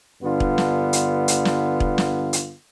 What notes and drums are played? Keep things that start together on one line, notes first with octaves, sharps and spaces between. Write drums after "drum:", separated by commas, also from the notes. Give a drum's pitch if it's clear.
G2 D3 B3 F4
drum: kick E1
drum: snare
drum: hi-hat
drum: hi-hat
drum: snare
drum: kick E1
drum: snare
drum: hi-hat